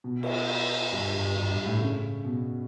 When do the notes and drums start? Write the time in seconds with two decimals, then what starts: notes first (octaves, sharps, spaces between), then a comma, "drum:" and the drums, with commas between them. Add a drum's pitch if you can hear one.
0.04 B2
0.23 drum: cymbal
0.92 G2
1.14 G2
1.36 G2
1.51 G2
1.66 A2
1.80 C#3
2.24 B2